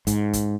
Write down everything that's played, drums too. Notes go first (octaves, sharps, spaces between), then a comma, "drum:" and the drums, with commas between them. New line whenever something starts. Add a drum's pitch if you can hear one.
G#2, drum: kick, hi-hat
drum: kick, hi-hat